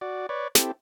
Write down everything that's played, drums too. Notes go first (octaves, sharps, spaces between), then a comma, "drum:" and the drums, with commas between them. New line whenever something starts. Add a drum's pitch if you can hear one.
F#4 D5
B4 C#5 D5
C4 E4 G4 A4, drum: snare